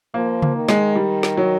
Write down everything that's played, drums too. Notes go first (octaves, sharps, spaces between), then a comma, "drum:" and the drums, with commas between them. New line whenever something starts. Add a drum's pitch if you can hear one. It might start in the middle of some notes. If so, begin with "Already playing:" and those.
F3 A#3
A#3, drum: tom C#3
D#3
G#3, drum: snare
G3
drum: snare
F#3